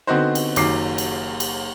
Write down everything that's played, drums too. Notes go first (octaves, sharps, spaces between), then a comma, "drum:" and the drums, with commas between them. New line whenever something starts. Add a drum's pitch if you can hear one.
D3 B3 C4 D#4 F#4 C5
drum: cymbal
F#1 F#2 D#3 D6 C7, drum: cymbal
drum: cymbal
drum: cymbal